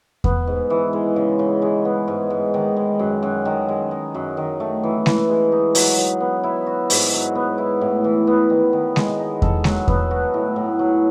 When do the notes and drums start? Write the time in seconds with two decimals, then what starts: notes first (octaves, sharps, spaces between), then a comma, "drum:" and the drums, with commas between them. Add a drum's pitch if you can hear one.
0.24 B3, drum: kick E2
0.47 G#2
0.70 E3
0.93 G#3
1.16 C#3
1.39 C#3
1.62 G#3
1.85 B3
2.08 G#2
2.30 G#2
2.54 D#3
2.76 G#3
2.99 F#2
3.23 F#2
3.45 D#3
3.68 G#3
3.91 D#4
4.15 F#2
4.37 D#3
4.60 A3
4.83 E3
5.06 E3, drum: snare G#3
5.29 G#3
5.52 D#4
5.75 F#3, drum: open hi-hat
5.97 F#3
6.20 B3
6.44 E4
6.67 F#4
6.90 G#2, drum: open hi-hat
7.13 F#3
7.35 B3
7.58 E4
7.81 A2
8.04 E3
8.27 B3
8.50 D#3
8.73 D#3
8.96 G#3, drum: snare G#3
9.19 D#4
9.42 A4, drum: kick E2
9.64 F#3, drum: snare G#3
9.88 B3, drum: kick E2
10.11 F#4
10.34 A2
10.56 A2
10.79 F#3